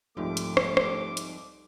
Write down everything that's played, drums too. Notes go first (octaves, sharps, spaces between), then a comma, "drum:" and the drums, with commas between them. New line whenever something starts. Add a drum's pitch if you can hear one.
C2 G#2 F3 A3 D6
drum: hi-hat
drum: rim click
drum: rim click
drum: hi-hat